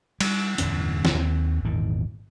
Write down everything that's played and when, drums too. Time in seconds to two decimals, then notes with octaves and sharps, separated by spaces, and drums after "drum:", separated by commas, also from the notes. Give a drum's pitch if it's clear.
0.20 G3, drum: cymbal
0.58 D1 E2 G2 C#4, drum: hi-hat
1.05 drum: snare
1.14 D#2 A#3 C4
1.64 G#1 E2 A#2 D#3